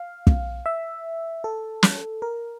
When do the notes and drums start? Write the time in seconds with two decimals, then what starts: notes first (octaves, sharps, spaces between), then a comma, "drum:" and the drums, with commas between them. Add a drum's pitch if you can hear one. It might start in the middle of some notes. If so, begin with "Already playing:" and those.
Already playing: F5
0.27 drum: kick
0.66 E5
1.44 A4
1.83 drum: snare
2.22 A#4